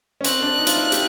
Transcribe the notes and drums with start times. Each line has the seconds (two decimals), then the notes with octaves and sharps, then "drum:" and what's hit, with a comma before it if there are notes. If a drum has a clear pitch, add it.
0.21 C#4
0.25 C4 F#6, drum: hi-hat
0.42 D4
0.58 D#4
0.67 F4, drum: hi-hat
0.75 E4
0.92 G4, drum: hi-hat